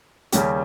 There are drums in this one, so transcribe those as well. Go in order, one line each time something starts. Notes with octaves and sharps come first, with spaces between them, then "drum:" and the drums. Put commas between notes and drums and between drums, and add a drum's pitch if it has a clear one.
D#2 C#3 G3 C#4 G4, drum: hi-hat